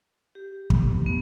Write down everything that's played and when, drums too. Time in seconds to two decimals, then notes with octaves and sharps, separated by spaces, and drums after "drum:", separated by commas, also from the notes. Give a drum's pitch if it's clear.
0.35 G4
0.70 A3 B3, drum: kick
0.89 E3
1.06 E2 A#2 B3 D4